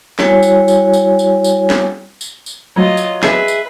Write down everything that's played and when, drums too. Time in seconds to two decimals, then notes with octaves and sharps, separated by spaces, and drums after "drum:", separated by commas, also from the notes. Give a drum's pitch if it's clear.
0.19 G3 E4 F#4 C#5 G5 G#5, drum: snare
0.43 drum: tambourine
0.68 drum: tambourine
0.93 drum: tambourine
1.19 drum: tambourine
1.44 drum: tambourine
1.70 drum: snare
2.21 drum: tambourine
2.46 drum: tambourine
2.76 F#3 F4 D#5
2.97 drum: tambourine
3.23 G#4 B4 E5, drum: snare
3.48 drum: tambourine